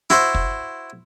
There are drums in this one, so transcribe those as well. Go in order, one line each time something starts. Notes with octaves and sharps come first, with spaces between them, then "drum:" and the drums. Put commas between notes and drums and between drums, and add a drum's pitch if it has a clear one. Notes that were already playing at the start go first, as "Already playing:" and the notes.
E4 F#4 C5, drum: snare
drum: kick